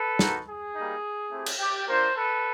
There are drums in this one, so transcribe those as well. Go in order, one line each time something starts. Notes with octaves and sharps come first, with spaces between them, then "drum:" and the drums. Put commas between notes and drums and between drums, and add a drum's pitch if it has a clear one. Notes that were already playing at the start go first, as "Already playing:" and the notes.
Already playing: A4 B4
A#3 D#4 F#4, drum: snare
G#4
G3 A#3 D#4
A3 C4 E4 G4
drum: cymbal
G4
A#3 D4 F4 A#4 C5
A4 B4